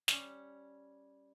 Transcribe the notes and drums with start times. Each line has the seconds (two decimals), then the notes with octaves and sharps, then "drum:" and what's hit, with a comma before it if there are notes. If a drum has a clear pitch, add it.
0.08 G3 C#4, drum: snare